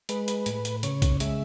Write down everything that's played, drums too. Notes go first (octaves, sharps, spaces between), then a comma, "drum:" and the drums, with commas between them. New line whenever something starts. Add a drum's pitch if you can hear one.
G#3 B4, drum: hi-hat
drum: hi-hat
A2, drum: hi-hat
drum: hi-hat
C#3 C#5, drum: hi-hat
drum: kick, hi-hat
G#3 E5, drum: hi-hat